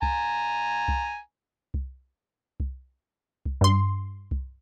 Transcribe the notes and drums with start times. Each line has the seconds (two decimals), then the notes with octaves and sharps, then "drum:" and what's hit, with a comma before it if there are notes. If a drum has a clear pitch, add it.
0.02 G#5 A#5, drum: kick C2
0.88 drum: kick C2
1.74 drum: kick C2
2.60 drum: kick C2
3.46 drum: kick C2
3.61 G2 C6
4.31 drum: kick C2